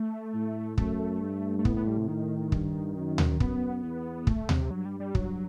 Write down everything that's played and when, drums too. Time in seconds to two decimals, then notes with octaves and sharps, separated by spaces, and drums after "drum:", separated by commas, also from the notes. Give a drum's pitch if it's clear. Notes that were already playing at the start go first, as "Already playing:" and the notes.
Already playing: A3
0.34 A2
0.78 F#2 A3, drum: kick
1.21 G2
1.59 A3
1.65 A2 B3, drum: kick
1.77 B3
1.87 G3
1.97 C3
2.08 A2 D#3
2.52 G2, drum: kick
2.96 F#2
3.18 drum: tom D2
3.40 F#2 B3, drum: kick
3.84 E2
4.27 A3, drum: kick
4.49 C3, drum: tom D2
4.71 G2 F#3
4.85 G3
5.00 G3
5.15 G2 F#3, drum: kick